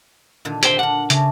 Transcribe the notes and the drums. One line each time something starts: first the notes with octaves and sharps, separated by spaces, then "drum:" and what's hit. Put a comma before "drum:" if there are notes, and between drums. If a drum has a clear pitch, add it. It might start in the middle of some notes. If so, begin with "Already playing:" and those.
A#2 D3 D#3
G4 C5 G5, drum: hi-hat
D4 A#4 F#5
C#3 A3 G4, drum: hi-hat